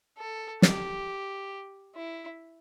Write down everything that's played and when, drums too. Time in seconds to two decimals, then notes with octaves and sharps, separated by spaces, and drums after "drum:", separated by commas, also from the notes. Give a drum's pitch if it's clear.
0.18 A4
0.62 G4, drum: snare
1.95 E4